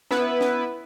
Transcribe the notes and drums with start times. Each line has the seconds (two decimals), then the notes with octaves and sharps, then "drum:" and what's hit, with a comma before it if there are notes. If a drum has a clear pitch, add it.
0.11 B3 E4 B4, drum: snare
0.41 drum: snare